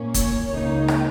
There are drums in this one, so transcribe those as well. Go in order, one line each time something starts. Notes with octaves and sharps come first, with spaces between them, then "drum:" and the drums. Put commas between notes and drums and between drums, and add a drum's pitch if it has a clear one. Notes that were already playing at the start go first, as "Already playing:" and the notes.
Already playing: A#2 A#3 C#4
C#5, drum: kick, hi-hat
C#2 C#3 A#3 D#4
drum: rim click